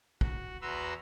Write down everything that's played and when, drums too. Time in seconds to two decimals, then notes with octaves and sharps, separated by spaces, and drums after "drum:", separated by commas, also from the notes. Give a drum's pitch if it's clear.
0.21 F#4, drum: kick
0.61 E2 F#4 B4 A#5 C6 E6